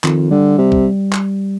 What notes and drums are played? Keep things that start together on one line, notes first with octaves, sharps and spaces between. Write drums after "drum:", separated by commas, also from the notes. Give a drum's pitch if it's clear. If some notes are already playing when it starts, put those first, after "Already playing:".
F2 D#3, drum: clap
D3 G3
C3 G3
drum: kick
drum: clap